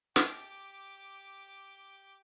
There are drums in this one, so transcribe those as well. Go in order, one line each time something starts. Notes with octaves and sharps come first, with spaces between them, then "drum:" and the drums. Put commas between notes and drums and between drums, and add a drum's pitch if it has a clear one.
G4 D6, drum: snare